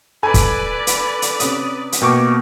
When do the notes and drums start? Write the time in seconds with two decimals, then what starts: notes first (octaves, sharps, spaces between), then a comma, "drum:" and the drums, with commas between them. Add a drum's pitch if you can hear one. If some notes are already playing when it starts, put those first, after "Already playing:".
0.23 A4 B4 D5 G#5 B5
0.34 drum: kick, hi-hat
0.87 drum: hi-hat
1.22 drum: hi-hat
1.40 C3 C#4 D#6, drum: hi-hat
1.92 drum: hi-hat
2.02 B2 A#3 G5 C#6 D6